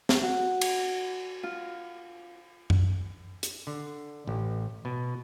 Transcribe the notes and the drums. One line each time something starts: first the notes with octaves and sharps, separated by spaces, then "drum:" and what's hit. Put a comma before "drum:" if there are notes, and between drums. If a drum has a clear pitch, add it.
drum: snare
F#4
drum: cymbal
F4
drum: tom F#2
drum: hi-hat
D3
A1
B2